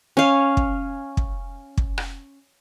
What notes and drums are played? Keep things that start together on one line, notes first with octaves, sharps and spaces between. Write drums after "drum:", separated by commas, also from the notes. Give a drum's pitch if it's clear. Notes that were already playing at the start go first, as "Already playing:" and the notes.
C#4 F5
drum: kick
drum: kick
drum: kick
drum: rim click